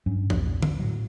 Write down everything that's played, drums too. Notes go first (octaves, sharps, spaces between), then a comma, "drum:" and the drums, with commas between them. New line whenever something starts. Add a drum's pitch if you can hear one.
G2 F#3 C#4
A#1 E2, drum: tom
drum: tom D3
A2 F#3